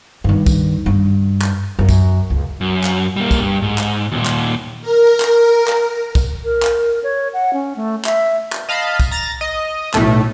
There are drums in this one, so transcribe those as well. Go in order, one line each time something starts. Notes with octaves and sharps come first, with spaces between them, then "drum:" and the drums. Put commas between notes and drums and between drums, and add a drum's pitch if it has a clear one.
G2 D#3
drum: kick, tambourine
G2
drum: clap
F#2
drum: kick, tambourine
C#2
F#2
drum: clap
G3 A#3
drum: kick, tambourine
G2
G#2
drum: clap
D#2 A#2
drum: clap
A#4
drum: clap
drum: clap
drum: kick, tambourine
A#4
drum: clap
C#5
F#5
C#4
A3
E5, drum: clap
drum: clap
D#5 F5 A5 B5
drum: kick, tambourine
A#5 A6 A#6
D#5
B1 A2 A3, drum: clap